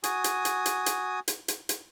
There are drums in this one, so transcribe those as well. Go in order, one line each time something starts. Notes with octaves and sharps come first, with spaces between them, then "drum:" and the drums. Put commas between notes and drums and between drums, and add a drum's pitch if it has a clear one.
F#4 G#5 D#6, drum: hi-hat
drum: hi-hat
drum: hi-hat
drum: hi-hat
drum: hi-hat
drum: hi-hat
drum: hi-hat
drum: hi-hat